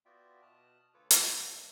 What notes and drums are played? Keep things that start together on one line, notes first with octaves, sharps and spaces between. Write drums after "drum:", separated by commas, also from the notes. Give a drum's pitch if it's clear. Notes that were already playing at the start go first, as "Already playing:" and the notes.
B3 F4 F#4 D5 E5 G5
B2 A5 D#6 F6 F#6
D2 F4 A4 B4 C#5 D6
B4 G#5 A5 B5 C#6, drum: hi-hat
F2 A2 E3 G3 A#3